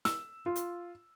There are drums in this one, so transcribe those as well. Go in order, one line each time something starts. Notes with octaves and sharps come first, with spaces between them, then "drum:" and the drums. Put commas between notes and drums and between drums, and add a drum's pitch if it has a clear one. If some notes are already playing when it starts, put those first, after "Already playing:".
E6, drum: snare
F4
drum: hi-hat